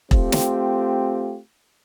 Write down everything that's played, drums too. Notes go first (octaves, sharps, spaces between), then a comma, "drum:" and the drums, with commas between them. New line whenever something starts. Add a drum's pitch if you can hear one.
A3 C4 F4 G4, drum: kick E1
drum: snare